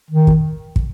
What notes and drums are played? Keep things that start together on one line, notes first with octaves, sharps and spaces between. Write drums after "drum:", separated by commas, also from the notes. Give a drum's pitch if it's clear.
D#3
drum: kick
drum: kick